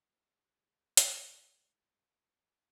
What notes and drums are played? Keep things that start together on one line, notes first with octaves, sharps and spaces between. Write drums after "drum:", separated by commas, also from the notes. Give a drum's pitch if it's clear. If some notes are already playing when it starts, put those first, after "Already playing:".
G#3 C5
drum: hi-hat